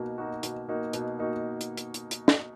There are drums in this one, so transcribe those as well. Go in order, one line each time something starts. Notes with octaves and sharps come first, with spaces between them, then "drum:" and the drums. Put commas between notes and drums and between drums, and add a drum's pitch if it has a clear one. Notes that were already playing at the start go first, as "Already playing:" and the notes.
Already playing: B2 A#3 D#4 F#4
A#3 D#4 F#4
B2, drum: hi-hat
A#3 D#4 F#4
B2, drum: hi-hat
A#3 D#4 F#4
drum: hi-hat
drum: hi-hat
drum: hi-hat
drum: hi-hat
drum: snare